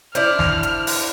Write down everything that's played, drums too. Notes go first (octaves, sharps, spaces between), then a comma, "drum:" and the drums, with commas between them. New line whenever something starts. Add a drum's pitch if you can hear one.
D4 E4 C5 F6, drum: hi-hat
drum: snare
drum: hi-hat
drum: open hi-hat